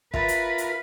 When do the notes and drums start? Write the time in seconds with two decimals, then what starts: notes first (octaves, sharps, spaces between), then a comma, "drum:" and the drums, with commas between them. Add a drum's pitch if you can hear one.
0.14 F4 A#4 B4 E5 B5 A6, drum: kick
0.28 drum: hi-hat
0.58 drum: hi-hat